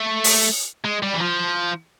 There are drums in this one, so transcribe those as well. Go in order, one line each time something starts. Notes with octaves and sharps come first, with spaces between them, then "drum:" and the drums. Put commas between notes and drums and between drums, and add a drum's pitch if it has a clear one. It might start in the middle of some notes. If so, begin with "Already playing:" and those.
Already playing: A3
drum: open hi-hat
G#3
G3
E3
F3